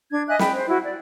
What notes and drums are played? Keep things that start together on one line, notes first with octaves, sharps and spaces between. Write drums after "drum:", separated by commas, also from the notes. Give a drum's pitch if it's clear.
D4 G#6
D#5 E5 G#5 F#6
G5 B5, drum: snare
C5
E4 F#4
D5